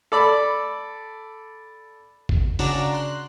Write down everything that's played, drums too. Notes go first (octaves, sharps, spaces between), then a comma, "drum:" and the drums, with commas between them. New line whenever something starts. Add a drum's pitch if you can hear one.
A4 D5 B5
drum: kick F#1
C#3 D4 F#4 D5 A#5 E7, drum: open hi-hat
C6 F#6